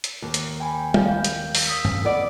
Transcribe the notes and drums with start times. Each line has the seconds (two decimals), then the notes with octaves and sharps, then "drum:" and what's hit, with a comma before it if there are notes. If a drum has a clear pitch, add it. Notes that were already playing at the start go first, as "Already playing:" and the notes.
0.04 drum: hi-hat
0.22 D#2
0.34 drum: hi-hat
0.60 G5 G#5 B5
0.94 F5 G6, drum: tom G3
1.24 drum: hi-hat
1.55 drum: open hi-hat
1.65 D#6 E6 B6
1.85 drum: tom G2
2.05 B3 D5